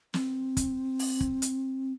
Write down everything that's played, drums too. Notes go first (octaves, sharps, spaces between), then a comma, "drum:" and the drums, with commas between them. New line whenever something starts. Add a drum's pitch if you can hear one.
C4, drum: snare
drum: kick, hi-hat
drum: open hi-hat
drum: kick
drum: hi-hat